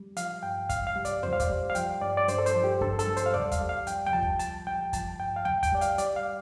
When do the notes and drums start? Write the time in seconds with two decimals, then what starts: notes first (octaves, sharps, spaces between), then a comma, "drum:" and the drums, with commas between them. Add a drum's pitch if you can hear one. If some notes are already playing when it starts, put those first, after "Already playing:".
Already playing: G3
0.17 F3 F5, drum: hi-hat
0.43 G2 G5
0.70 C2 F5, drum: kick, hi-hat
0.87 F5
0.96 G3
1.05 D5, drum: hi-hat
1.23 F2 C5, drum: tom D#2
1.33 F5
1.40 D5, drum: kick, hi-hat
1.50 G3
1.70 F5
1.75 F3 G5, drum: hi-hat
2.02 G2 D5
2.17 D5
2.28 G2 C5, drum: hi-hat
2.38 A4
2.46 C5, drum: hi-hat
2.55 F3
2.64 G4
2.81 G2 A4, drum: kick
2.99 A4, drum: hi-hat
3.07 G3
3.17 C5, drum: hi-hat
3.26 F5
3.34 C2 D5, drum: tom D#2
3.52 F5, drum: kick, hi-hat
3.61 G3
3.69 F5
3.87 F2 G5, drum: hi-hat
4.06 G5, drum: tom D#2
4.13 F3 A5
4.22 drum: kick
4.39 D2 A5, drum: hi-hat
4.67 G3 G5
4.93 F3 A5, drum: kick, hi-hat
5.19 G2 G5
5.36 F5
5.45 D2 G5, drum: tom D#2
5.63 G5, drum: kick, hi-hat
5.72 G3 D5
5.81 F5, drum: hi-hat
5.98 G3 D5, drum: hi-hat
6.16 F5